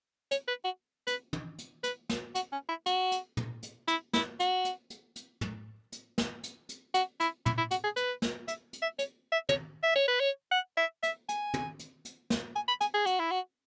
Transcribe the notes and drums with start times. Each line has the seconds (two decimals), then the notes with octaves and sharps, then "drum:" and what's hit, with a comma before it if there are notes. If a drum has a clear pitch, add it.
0.31 C#5, drum: hi-hat
0.48 B4
0.65 F#4
1.07 B4, drum: hi-hat
1.33 drum: tom
1.58 drum: hi-hat
1.84 B4, drum: hi-hat
2.09 drum: snare
2.35 F#4, drum: hi-hat
2.53 C#4
2.69 E4
2.86 F#4, drum: hi-hat
3.12 drum: hi-hat
3.37 drum: tom
3.63 drum: hi-hat
3.88 E4, drum: hi-hat
4.13 E4, drum: snare
4.40 F#4, drum: hi-hat
4.65 drum: hi-hat
4.90 drum: hi-hat
5.16 drum: hi-hat
5.41 drum: tom
5.92 drum: hi-hat
6.18 drum: snare
6.43 drum: hi-hat
6.69 drum: hi-hat
6.94 F#4, drum: hi-hat
7.20 E4, drum: hi-hat
7.46 E4, drum: tom
7.58 E4
7.71 F#4, drum: hi-hat
7.84 G#4
7.97 B4, drum: hi-hat
8.22 drum: snare
8.48 E5, drum: hi-hat
8.73 drum: hi-hat
8.82 E5
8.99 C#5, drum: hi-hat
9.32 E5
9.49 C#5, drum: tom
9.83 E5
9.96 C#5
10.08 B4
10.20 C#5
10.52 F#5
10.77 E5
11.03 E5, drum: hi-hat
11.29 G#5, drum: hi-hat
11.54 drum: tom
11.79 drum: hi-hat
12.05 drum: hi-hat
12.30 drum: snare
12.56 G#5
12.68 B5
12.81 G#5, drum: hi-hat
12.94 G#4
13.06 F#4, drum: hi-hat
13.20 E4
13.31 F#4